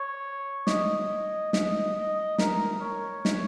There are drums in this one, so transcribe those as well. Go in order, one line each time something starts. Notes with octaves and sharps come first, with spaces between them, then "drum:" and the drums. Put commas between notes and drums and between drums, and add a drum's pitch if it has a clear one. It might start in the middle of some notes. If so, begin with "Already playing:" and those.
Already playing: C#5
D#5, drum: snare
D#5, drum: snare
D#5
A#4, drum: snare
C#5
drum: snare